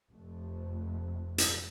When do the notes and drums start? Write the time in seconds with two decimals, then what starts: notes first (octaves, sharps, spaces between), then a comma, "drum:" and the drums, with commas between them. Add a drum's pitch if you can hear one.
0.11 F1 F2 C3 A3
1.38 drum: hi-hat